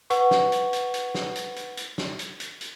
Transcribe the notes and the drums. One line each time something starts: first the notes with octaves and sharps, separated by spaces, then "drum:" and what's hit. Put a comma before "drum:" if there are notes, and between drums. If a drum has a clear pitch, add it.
B4 F#5 C#6, drum: hi-hat
drum: snare
drum: hi-hat
drum: hi-hat
drum: hi-hat
drum: snare
drum: hi-hat
drum: hi-hat
drum: hi-hat
drum: snare
drum: hi-hat
drum: hi-hat
drum: hi-hat